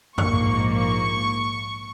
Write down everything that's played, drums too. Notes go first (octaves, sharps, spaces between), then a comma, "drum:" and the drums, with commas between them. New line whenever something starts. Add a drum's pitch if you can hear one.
A#1 G#2 F3 A#3 C#6, drum: tom F2
C#6